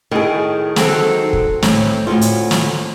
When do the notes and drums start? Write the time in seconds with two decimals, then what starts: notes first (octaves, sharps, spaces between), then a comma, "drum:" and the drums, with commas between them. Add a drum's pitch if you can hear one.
0.11 A2 D#3 G#4
0.76 F#3 C4 A4, drum: snare
1.33 drum: kick
1.63 A2 C4, drum: snare
2.07 D2 A2 F4
2.21 drum: hi-hat
2.51 drum: snare